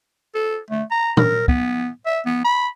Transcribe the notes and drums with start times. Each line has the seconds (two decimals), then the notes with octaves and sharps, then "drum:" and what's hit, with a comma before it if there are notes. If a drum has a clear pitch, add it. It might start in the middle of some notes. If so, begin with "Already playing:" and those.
0.35 A4
0.71 A3
0.91 A#5
1.17 A#4, drum: tom A#2
1.48 B3, drum: kick
2.06 E5
2.26 B3
2.45 B5